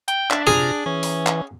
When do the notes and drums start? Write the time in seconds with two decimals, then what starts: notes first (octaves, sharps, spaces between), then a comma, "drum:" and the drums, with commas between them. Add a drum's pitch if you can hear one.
0.08 G5, drum: hi-hat
0.31 D4 E5, drum: clap
0.47 C3 F4 G#4 A#5
0.86 E3 C#4
1.03 drum: open hi-hat
1.27 drum: clap